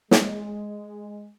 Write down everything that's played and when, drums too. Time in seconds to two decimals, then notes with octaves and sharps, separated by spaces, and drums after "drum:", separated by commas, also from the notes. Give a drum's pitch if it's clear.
0.11 G#3, drum: snare